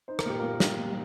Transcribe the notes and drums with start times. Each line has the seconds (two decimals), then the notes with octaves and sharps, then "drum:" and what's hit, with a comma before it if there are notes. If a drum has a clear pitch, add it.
0.08 D#4 C5
0.19 A#4, drum: rim click
0.26 A#2 G4
0.39 A#2 F4 A#4
0.53 F4
0.60 G3 G4, drum: snare
0.79 A#2